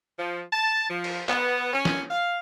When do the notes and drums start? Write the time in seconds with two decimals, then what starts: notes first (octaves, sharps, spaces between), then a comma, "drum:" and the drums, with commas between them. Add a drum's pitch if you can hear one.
0.19 F3
0.53 A5
0.90 F3
1.04 drum: cymbal
1.29 B3, drum: clap
1.73 C#4
1.85 drum: snare
2.11 F5